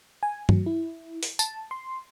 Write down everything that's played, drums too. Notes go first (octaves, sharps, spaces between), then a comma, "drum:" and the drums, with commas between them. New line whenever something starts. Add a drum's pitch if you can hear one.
G#5
F#3, drum: tom G2
E4
drum: open hi-hat
A5, drum: tambourine
C6